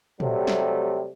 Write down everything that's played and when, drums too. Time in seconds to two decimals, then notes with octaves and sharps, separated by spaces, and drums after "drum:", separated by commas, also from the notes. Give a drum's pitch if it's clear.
0.20 C3 F#3 G3 A3, drum: tom
0.47 drum: snare